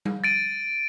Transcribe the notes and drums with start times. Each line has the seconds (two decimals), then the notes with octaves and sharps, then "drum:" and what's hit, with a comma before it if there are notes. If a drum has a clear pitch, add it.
0.05 drum: tom G3
0.24 A6 D7 D#7